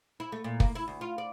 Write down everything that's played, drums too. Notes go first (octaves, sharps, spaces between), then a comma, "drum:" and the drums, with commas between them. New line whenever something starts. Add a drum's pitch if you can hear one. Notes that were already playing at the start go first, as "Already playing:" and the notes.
E4
A3
A#2
A#3, drum: kick
E4
D2
F4
D5